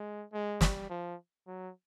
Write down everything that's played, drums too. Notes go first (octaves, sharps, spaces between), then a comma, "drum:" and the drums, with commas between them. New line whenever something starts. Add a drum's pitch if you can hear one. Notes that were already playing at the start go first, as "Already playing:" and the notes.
Already playing: G#3
G#3
G3, drum: snare
F3
F#3